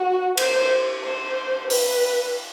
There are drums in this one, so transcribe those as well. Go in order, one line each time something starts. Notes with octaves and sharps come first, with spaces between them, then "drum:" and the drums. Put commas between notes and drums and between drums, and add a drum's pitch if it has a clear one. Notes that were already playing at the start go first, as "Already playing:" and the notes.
Already playing: F#4
C5, drum: cymbal
C5
B4, drum: open hi-hat